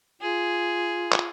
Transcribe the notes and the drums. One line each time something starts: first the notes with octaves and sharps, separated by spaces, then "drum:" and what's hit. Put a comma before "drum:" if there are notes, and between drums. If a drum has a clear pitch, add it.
F4 G#4
drum: clap